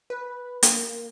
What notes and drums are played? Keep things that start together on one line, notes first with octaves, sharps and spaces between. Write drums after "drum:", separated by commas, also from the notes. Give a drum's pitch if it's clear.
B4
A#3, drum: hi-hat